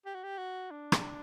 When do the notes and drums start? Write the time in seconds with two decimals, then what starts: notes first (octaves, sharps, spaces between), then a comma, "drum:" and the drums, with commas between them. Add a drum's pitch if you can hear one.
0.06 G4
0.15 F#4
0.24 G4
0.38 F#4
0.71 D4
0.92 drum: rim click